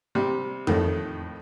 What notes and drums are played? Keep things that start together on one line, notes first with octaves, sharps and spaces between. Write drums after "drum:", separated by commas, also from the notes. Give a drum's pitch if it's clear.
C3 G3
F2 A2 D#3, drum: tom F2